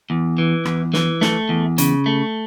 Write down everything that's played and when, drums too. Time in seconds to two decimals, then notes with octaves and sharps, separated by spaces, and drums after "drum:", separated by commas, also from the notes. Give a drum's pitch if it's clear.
0.10 E2
0.38 E3
0.65 E2, drum: rim click
0.93 E3, drum: snare
1.21 A3, drum: snare
1.49 E2
1.78 C#3, drum: hi-hat
2.06 A3